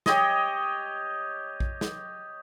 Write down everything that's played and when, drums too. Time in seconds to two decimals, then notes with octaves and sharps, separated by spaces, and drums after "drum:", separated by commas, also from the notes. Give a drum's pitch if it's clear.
0.06 G4 C#5 D#5, drum: snare
1.60 drum: kick A#1
1.81 drum: snare